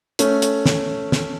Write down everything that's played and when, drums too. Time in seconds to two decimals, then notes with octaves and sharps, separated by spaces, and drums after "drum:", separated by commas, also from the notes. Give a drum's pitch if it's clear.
0.19 A3 C#4, drum: hi-hat
0.42 drum: hi-hat
0.66 drum: snare
1.12 drum: snare